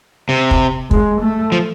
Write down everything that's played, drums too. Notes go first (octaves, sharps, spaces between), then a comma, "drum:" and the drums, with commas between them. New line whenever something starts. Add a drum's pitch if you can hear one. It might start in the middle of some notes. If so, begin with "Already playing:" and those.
C3
drum: kick
G#3, drum: kick
A3
F3